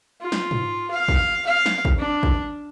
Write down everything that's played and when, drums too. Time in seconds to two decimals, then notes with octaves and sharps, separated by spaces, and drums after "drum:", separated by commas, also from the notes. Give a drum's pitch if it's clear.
0.21 F4
0.32 drum: snare
0.51 drum: tom G#2
0.91 F5
1.08 drum: kick
1.47 F5
1.66 drum: snare
1.85 drum: kick
1.98 D4
2.23 drum: kick